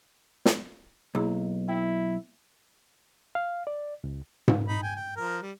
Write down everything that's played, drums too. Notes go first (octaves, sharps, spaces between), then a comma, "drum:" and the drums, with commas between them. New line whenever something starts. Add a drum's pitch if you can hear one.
drum: snare
B1 A#3 E4 G#4
E4 E5 G5
F5
D5
C#2
drum: tom G#2
D#4 B5
G5 G#5
G5
F3 A#4
G3